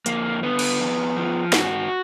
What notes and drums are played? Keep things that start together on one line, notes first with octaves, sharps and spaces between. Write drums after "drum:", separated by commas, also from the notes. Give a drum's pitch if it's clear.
F2 A#3, drum: hi-hat
D3 B3
drum: cymbal
F2
F3
G#2 F#4, drum: snare